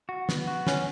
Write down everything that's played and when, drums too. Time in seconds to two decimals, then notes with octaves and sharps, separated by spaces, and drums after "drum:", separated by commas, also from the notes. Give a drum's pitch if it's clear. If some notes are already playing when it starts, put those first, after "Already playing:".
0.09 F#4
0.29 B3, drum: snare
0.47 F#4
0.67 C#4 B4, drum: snare